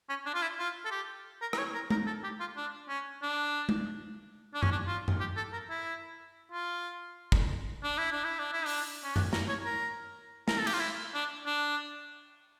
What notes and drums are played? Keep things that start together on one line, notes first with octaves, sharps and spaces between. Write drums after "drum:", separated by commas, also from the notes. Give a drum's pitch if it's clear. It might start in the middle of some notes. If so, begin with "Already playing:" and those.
C#4
D4
F4
E4
F4
A4
G4
A#4
A#4, drum: rim click
C#5
A#4
A#4, drum: tom G#3
A4
G4
F4
D4
C#4
D4
drum: tom G#3
D4
C#4, drum: tom F#2
D4
F4
drum: tom F#2
G4
A4
A#4
E4
F4
drum: kick
D4
E4
D4
E4
D4
E4
D4, drum: open hi-hat
C#4
D4, drum: tom F#2
A#4, drum: snare
C#5
A#4
A#4, drum: snare
A4
G4, drum: cymbal
F4
E4
D4
D4